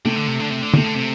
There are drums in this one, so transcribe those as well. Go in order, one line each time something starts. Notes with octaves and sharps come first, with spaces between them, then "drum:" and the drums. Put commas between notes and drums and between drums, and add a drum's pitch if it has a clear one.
C3 A3
D3
C3
D3
C3
D3
C3 A3, drum: tom
D3
C3